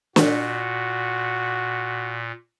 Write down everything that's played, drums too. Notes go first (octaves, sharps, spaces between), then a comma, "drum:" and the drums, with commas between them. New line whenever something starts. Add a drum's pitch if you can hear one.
A#2 F#4, drum: snare